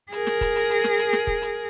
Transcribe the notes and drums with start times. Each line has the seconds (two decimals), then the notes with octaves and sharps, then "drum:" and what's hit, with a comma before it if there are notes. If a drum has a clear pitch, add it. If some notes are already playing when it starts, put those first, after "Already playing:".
0.12 G#4 A#4, drum: hi-hat
0.27 drum: snare
0.41 drum: kick, hi-hat
0.55 drum: hi-hat
0.70 drum: hi-hat
0.84 drum: snare
0.98 drum: hi-hat
1.13 drum: snare
1.27 drum: kick
1.42 drum: hi-hat